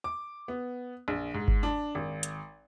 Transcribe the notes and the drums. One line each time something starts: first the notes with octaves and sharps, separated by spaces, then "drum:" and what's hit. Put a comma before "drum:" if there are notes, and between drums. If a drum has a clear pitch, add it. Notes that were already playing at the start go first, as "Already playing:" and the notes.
D6
B3
A#1
G#2
drum: kick G1
D4
G#1
drum: hi-hat